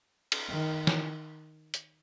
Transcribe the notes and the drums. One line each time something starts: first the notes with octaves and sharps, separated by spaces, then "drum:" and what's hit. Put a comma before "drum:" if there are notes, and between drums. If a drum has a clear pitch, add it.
drum: cymbal
D#3
drum: snare
drum: hi-hat